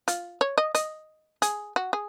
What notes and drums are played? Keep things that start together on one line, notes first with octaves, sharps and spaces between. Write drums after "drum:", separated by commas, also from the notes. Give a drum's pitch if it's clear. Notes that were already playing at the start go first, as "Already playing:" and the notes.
F4, drum: hi-hat
C#5
D#5
D#5, drum: hi-hat
G#4, drum: hi-hat
F#4
G#4